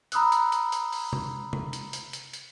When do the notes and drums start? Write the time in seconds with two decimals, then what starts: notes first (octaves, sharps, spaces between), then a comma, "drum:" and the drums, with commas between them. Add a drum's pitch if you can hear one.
0.12 A#5 B5 D#6 E6 F#6, drum: hi-hat
0.32 drum: hi-hat
0.52 drum: hi-hat
0.72 drum: hi-hat
0.92 drum: open hi-hat
1.13 drum: tom C3
1.53 drum: tom C3
1.73 drum: hi-hat
1.93 drum: hi-hat
2.13 drum: hi-hat
2.33 drum: hi-hat